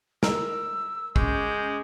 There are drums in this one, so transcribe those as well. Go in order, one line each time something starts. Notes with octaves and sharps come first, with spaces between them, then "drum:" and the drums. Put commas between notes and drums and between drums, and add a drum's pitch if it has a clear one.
A#4 E6, drum: snare
G#3 C#4 D6 G6, drum: kick